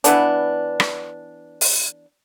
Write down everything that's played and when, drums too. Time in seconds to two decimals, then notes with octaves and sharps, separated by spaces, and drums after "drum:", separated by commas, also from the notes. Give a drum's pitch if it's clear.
0.04 E3 B3 D4, drum: hi-hat
0.80 drum: rim click
1.61 drum: open hi-hat